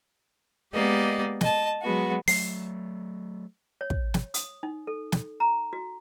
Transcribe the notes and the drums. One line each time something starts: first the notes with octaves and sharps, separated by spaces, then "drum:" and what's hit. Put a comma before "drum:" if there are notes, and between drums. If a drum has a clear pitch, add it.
G#3 A#3 B3 G4 D5 D#5
D#5 A5, drum: snare
F#3 G#3 B3 F#4
F#3 A3 C7, drum: open hi-hat
C#5
drum: kick
drum: snare
D#6, drum: hi-hat
D#4
A4
drum: snare
A#5
F#4